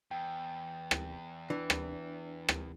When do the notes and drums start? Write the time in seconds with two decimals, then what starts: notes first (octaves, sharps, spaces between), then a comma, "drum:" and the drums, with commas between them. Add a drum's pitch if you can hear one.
0.11 E2 G5
0.91 drum: rim click
1.50 E3 D4
1.70 drum: rim click
2.49 drum: rim click